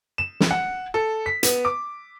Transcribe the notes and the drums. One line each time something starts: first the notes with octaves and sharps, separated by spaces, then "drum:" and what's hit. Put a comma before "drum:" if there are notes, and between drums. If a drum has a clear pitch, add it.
E7
drum: snare
F#5
A4
B6
B3, drum: hi-hat
D6